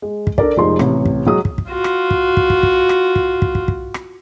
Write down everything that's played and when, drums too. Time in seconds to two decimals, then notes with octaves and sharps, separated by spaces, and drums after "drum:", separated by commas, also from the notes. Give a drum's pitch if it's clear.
0.02 G#3
0.27 drum: kick
0.38 D4 A4 A#4 D5, drum: kick
0.57 F1 F3 G#3 D#4 C6
0.79 A1 C3, drum: rim click
1.06 drum: kick
1.26 F#3 G#3 D#6
1.45 drum: kick
1.58 drum: kick
1.70 F4 F#4
1.84 drum: rim click
2.11 drum: kick
2.37 drum: kick
2.50 drum: kick
2.63 drum: kick
2.89 drum: rim click
3.16 drum: kick
3.42 drum: kick
3.55 drum: kick
3.68 drum: kick
3.94 drum: rim click